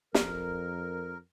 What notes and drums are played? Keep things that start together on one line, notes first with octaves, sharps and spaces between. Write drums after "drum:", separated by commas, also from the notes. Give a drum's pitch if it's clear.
F2 A#4, drum: snare